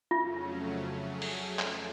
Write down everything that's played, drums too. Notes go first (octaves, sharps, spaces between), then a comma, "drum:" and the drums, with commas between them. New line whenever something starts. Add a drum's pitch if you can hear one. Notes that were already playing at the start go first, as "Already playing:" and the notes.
F2 C#3 F#3 A3 C#4 F4
F#3 A3 C#4 G#4
drum: open hi-hat
F2 F3 A3 F4 A4, drum: clap